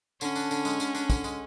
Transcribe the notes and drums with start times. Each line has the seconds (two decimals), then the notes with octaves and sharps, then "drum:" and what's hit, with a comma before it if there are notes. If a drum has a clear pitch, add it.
0.21 D3 C#4, drum: tambourine
0.35 D4, drum: tambourine
0.51 D3, drum: tambourine
0.65 G#3, drum: tambourine
0.80 D3, drum: tambourine
0.94 D4, drum: tambourine
1.10 D3, drum: kick, tambourine
1.24 G#3, drum: tambourine